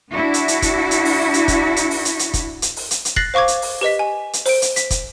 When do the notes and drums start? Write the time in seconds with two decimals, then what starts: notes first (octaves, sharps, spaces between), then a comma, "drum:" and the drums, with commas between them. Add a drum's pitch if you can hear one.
0.12 D4 E4 F#4
0.34 drum: hi-hat
0.48 drum: hi-hat
0.62 drum: kick, hi-hat
0.91 drum: hi-hat
1.05 drum: open hi-hat
1.34 drum: hi-hat
1.48 drum: kick, hi-hat
1.77 drum: hi-hat
1.91 drum: open hi-hat
2.05 drum: hi-hat
2.19 drum: hi-hat
2.34 drum: kick, hi-hat
2.62 drum: hi-hat
2.76 drum: open hi-hat
2.91 drum: hi-hat
3.05 drum: hi-hat
3.16 F#6 A6 A#6 C7 F#7, drum: kick
3.34 C5 F5 C#6 D6 G#6
3.48 drum: hi-hat
3.62 drum: open hi-hat
3.81 G4 B4 D#5 B6
3.99 G#5
4.33 drum: hi-hat
4.46 C5 D7, drum: open hi-hat
4.62 drum: hi-hat
4.76 B6, drum: hi-hat
4.91 drum: kick, hi-hat